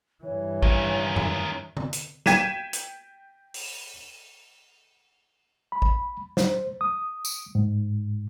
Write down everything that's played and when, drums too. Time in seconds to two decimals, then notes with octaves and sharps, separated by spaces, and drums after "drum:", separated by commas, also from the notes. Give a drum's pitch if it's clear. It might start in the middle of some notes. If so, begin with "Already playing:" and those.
0.24 G2 E3 C#5
0.63 D#3 C#4, drum: kick A1
1.16 drum: tom F#2
1.77 drum: tom
1.93 drum: hi-hat
2.26 G5 G#6 B6 D#7 E7, drum: snare
2.73 drum: hi-hat
3.54 drum: open hi-hat
5.72 B5
5.82 drum: kick A1
6.37 C5, drum: snare
6.81 D#6
7.25 drum: tambourine
7.55 G#2